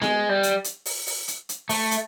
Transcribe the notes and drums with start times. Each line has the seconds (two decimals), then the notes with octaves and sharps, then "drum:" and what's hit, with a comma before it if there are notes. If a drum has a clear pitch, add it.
0.02 G#3, drum: snare B3
0.29 G3
0.43 drum: hi-hat
0.64 drum: hi-hat
0.85 drum: open hi-hat
1.07 drum: open hi-hat
1.28 drum: hi-hat
1.49 drum: hi-hat
1.69 A3, drum: open hi-hat
1.91 drum: hi-hat